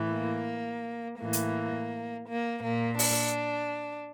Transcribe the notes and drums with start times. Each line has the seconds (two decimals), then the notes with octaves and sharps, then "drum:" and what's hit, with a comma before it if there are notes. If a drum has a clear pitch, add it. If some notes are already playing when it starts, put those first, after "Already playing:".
Already playing: A2 E3
0.11 A#3
1.19 A2 E3 A#3
1.33 drum: hi-hat
2.27 A#3
2.63 A#2 A#3
2.99 D4, drum: open hi-hat